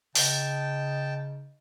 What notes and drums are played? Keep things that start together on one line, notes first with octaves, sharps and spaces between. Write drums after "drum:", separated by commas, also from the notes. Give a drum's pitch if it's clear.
C#3 D#4 G5 A5, drum: open hi-hat